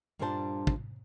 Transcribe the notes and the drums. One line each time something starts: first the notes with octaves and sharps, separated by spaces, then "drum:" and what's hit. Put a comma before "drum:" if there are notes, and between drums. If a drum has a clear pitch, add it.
G2 A#2 G3 D4 C5 A5
drum: kick